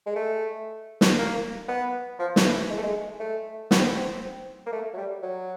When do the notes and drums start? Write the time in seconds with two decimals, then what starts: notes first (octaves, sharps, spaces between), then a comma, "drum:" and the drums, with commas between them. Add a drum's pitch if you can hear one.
0.06 G#3
0.16 A3
1.01 drum: snare
1.18 A#3
1.68 B3
2.19 F3
2.36 drum: snare
2.45 E3
2.69 G#3
2.78 A3
2.83 G#3
3.20 A3
3.71 B3, drum: snare
3.78 C4
3.85 B3
3.97 C4
4.66 A#3
4.73 A3
4.94 F#3
4.98 G3
5.23 F#3